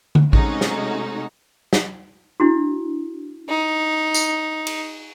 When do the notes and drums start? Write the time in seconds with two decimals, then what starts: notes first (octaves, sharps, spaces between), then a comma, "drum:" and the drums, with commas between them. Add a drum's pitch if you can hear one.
0.15 drum: tom D3
0.33 C3 G#3 A3 C#4 D#4 F#4, drum: kick A1
0.61 drum: snare
1.73 drum: snare
2.40 D4 E4 F#4
3.48 D#4
4.14 drum: tambourine
4.67 drum: cymbal